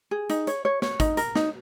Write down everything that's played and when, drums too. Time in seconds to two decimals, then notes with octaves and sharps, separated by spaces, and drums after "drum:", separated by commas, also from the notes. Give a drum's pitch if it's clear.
0.11 G#4
0.30 D#4, drum: hi-hat
0.47 C#5, drum: hi-hat
0.65 C#5
0.82 C#5, drum: snare
1.00 D#4, drum: kick, hi-hat
1.17 A#4, drum: hi-hat
1.35 D#4, drum: snare